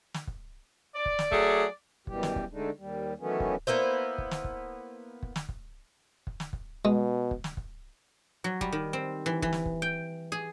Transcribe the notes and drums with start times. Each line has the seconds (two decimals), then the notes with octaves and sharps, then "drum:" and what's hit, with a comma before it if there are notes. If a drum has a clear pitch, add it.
0.14 drum: snare
0.27 drum: kick
0.95 D5
1.06 drum: kick
1.19 drum: snare
1.32 F#3 A3 G#4, drum: kick
2.07 F#2 B2 E3 G3 G4, drum: kick
2.23 drum: snare
2.36 drum: kick
2.52 D3 G#3 A3 D4 D#4
2.77 D#2 G3
3.19 D#3 E3 F#3 A3 B3 C#4
3.40 drum: kick
3.67 A#3 B3 E4 C5
4.18 drum: kick
4.31 drum: snare
4.44 drum: kick
5.23 drum: kick
5.36 drum: snare
5.49 drum: kick
6.27 drum: kick
6.40 drum: snare
6.53 drum: kick
6.85 B2 G#3
7.31 drum: kick
7.44 drum: snare
7.57 drum: kick
8.44 F#3
8.61 G3, drum: kick
8.72 D#3
8.93 C4
9.26 E3
9.42 E3, drum: kick
9.53 drum: snare
9.66 drum: kick
9.82 G5
10.32 G#4